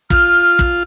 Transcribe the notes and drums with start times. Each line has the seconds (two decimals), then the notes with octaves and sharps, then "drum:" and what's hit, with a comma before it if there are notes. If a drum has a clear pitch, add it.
0.10 F4 F6, drum: kick
0.59 drum: kick